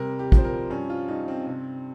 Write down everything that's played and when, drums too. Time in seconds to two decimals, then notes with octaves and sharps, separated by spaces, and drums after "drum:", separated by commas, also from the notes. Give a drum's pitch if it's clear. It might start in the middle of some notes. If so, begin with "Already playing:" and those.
Already playing: C3 G3 A#4
0.19 G4
0.32 F3, drum: kick
0.37 C5
0.44 A#4
0.70 G2 C#4
0.90 F4
1.08 G2 D#4
1.28 C4
1.46 C3 C4